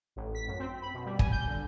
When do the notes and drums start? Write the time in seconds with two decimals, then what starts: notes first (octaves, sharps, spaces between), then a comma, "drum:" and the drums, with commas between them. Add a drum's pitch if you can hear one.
0.16 A1
0.35 B6
0.47 F#2
0.59 C4
0.82 B5
0.94 B2
1.06 G3
1.19 G#5, drum: kick
1.32 G6
1.47 D3